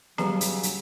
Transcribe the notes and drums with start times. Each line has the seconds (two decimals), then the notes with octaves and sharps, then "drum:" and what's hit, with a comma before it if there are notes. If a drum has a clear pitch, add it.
0.18 C#3 F#3 G3 G4 B4 A#5, drum: snare
0.41 drum: hi-hat
0.63 drum: hi-hat